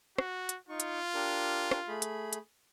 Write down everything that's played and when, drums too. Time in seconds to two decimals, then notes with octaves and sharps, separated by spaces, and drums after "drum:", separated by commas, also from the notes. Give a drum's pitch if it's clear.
0.18 F#4, drum: rim click
0.49 drum: hi-hat
0.69 D#4 F4 C#6
0.80 drum: hi-hat
1.14 D4 G4 A#4
1.71 drum: rim click
1.88 A3 G#4 B5
2.02 drum: hi-hat
2.33 drum: hi-hat